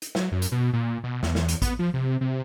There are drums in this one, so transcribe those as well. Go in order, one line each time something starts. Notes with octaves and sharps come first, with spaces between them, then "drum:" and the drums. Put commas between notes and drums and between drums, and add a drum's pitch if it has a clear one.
drum: hi-hat
F#3, drum: snare
F#2
drum: hi-hat
B2
A#2
B2
E2, drum: snare
drum: snare
drum: hi-hat
B3, drum: kick, hi-hat
F3
C3
C3